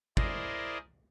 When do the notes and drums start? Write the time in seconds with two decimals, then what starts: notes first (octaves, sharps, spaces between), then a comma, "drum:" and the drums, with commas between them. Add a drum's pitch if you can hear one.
0.17 E4 G#4 A#4 C5 D5 D#5, drum: kick